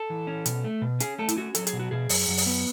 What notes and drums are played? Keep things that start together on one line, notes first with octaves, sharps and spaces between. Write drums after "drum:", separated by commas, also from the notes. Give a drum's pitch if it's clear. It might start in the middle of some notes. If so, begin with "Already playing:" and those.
Already playing: A4
E3
C#4
B2, drum: hi-hat
A3
B2
C#4 G#4, drum: hi-hat
A3 A4
E4, drum: hi-hat
C#4 F#4
F#3 A4, drum: hi-hat
G#4, drum: hi-hat
B2
F#4
B2 G#4
F#2, drum: open hi-hat
F#2
drum: open hi-hat
B3